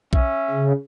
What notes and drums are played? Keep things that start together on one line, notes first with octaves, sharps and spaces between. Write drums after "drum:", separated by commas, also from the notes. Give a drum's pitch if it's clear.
C#4 E5, drum: kick B1
C#3